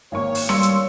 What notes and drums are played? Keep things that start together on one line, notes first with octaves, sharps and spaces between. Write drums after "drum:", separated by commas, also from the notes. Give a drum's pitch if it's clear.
G#1 A#3 C#5 C#6
drum: open hi-hat
G2 C6 E6 C#7, drum: rim click
drum: hi-hat